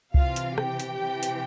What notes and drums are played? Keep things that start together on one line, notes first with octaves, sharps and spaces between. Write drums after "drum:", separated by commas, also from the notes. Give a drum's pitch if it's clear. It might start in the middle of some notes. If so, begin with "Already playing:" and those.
C3 E3 F4 F5, drum: kick C2
drum: hi-hat
G4 G5, drum: rim click
drum: hi-hat
C3 E3
drum: hi-hat